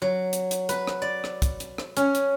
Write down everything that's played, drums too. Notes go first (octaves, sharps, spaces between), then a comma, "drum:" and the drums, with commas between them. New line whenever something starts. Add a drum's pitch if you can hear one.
F#3
drum: hi-hat
drum: hi-hat
B4, drum: hi-hat
drum: rim click
D5
drum: rim click
drum: kick, hi-hat
drum: hi-hat
drum: rim click
C#4, drum: hi-hat
drum: hi-hat